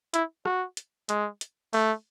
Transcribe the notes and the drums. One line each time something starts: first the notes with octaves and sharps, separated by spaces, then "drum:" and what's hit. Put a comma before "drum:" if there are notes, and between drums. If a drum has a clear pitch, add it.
E4, drum: hi-hat
F#4, drum: rim click
drum: hi-hat
G#3, drum: hi-hat
drum: hi-hat
A3, drum: open hi-hat